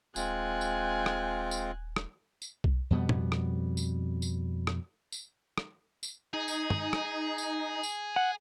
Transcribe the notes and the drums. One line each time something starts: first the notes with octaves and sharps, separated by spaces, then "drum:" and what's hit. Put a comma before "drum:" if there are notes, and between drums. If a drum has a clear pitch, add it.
D#1 G#3 C4 F4 G#5 F#6, drum: tambourine
drum: tambourine
drum: rim click
drum: tambourine
drum: rim click
drum: tambourine
drum: kick B1
F2 B2 G3 B3
drum: tom
drum: rim click
drum: tambourine
drum: tambourine
drum: rim click
drum: tambourine
drum: rim click
drum: tambourine
D#4 G#4
drum: tambourine
drum: tom
drum: rim click
drum: tambourine
drum: tambourine
F#5